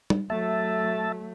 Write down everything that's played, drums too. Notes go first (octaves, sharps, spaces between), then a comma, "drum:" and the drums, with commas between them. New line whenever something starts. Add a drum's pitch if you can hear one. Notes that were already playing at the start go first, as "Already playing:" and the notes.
drum: tom G3
F#3 A3 E5 A5